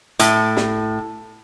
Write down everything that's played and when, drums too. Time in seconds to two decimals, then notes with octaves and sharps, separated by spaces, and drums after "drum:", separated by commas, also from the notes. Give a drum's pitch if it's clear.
0.19 A2, drum: hi-hat
0.57 drum: snare